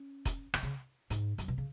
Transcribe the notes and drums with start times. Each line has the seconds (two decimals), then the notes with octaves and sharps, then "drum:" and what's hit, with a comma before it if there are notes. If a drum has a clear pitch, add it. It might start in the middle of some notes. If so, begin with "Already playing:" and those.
Already playing: C#4
0.25 drum: kick F1, hi-hat
0.54 D3, drum: rim click
0.63 C#3
1.10 G#2, drum: hi-hat
1.38 F#2, drum: hi-hat
1.48 B2
1.58 C#3